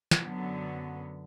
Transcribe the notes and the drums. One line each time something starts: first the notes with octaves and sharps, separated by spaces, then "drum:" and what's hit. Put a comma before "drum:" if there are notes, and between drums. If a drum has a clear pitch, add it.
drum: snare
F#2 D3 F#3 B3